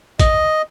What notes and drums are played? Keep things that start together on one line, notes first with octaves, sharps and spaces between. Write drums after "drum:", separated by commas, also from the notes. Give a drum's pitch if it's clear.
D#5, drum: kick, hi-hat